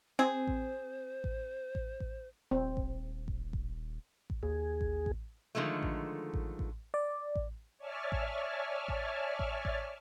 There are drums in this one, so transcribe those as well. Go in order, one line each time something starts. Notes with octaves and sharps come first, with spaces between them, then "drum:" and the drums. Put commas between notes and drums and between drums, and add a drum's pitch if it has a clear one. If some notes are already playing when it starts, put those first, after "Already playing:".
C4 G#4 C5
drum: kick A1
drum: kick A1
drum: kick A1
drum: kick A1
D#1 C4
drum: kick A1
drum: kick A1
drum: kick A1
drum: kick A1
D#2 G#4
drum: kick A1
drum: kick A1
D3 D#3 F3 G#3 A3
drum: kick A1
drum: kick A1
drum: kick A1
D5
drum: kick A1
C#5 D5 E5 G#5 A5 F6
drum: kick A1
drum: kick A1
drum: kick A1
drum: kick A1